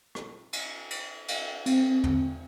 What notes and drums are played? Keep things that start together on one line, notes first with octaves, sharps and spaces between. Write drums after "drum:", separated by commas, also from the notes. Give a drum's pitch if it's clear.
drum: rim click
drum: cymbal
drum: cymbal
drum: cymbal
C4, drum: cymbal
drum: tom